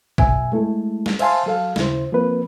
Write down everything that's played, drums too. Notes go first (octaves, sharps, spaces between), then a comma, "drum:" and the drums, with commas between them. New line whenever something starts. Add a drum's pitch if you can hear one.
F#2 B2 E5 G#5, drum: kick A#1
G#3 A3 E4 A4
drum: snare
C5 E5 F5 G#5 A5 C6, drum: cymbal
F#3 A4 F5
D#2 C#3 E4 C5, drum: snare
F3 A#3 C4 B4